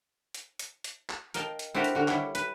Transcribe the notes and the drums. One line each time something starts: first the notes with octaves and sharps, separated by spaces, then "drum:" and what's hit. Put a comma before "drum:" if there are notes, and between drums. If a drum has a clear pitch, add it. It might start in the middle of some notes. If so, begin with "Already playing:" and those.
drum: hi-hat
drum: hi-hat
drum: hi-hat
drum: clap
A#4 D#5 F5 G5 A5, drum: hi-hat
drum: hi-hat
C4 D4 E4 F#4 G4 A#4
drum: hi-hat
D3 F#4 A#4
G3 E4 C#5 G5, drum: clap
B4, drum: hi-hat